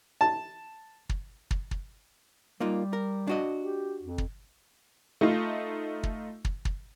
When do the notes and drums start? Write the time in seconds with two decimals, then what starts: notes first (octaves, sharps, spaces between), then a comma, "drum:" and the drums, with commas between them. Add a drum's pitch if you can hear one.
0.21 A5
1.09 drum: kick
1.51 drum: kick
1.71 drum: kick
2.60 G3 A#3 D#4 F4
2.93 A#4
3.27 D4 F#4 D#5
3.61 G4
4.03 F2
4.18 drum: kick
5.21 A3 D#4 F4
6.03 drum: kick
6.45 drum: kick
6.65 drum: kick